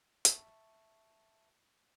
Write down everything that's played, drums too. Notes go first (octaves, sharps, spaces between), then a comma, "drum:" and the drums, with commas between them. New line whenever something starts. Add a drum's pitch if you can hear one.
E5 A5 C#6, drum: hi-hat